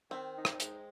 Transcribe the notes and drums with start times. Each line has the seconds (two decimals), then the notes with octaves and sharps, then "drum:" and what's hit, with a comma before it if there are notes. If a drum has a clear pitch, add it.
0.11 D#3 C4
0.35 D#4
0.45 drum: rim click
0.60 G#3, drum: hi-hat